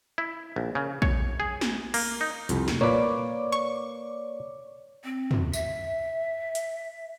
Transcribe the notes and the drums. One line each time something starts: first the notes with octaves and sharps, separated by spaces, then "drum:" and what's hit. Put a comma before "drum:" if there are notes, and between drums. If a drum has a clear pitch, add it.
E4
A#1
C#3
C#5, drum: kick A#1
G#4
drum: snare
A#3, drum: cymbal
D#4
C2 F2, drum: hi-hat
drum: snare
A#2 A#3 B4 C#5 D5 D6
C#6
C4
drum: tom
E5, drum: tambourine
drum: hi-hat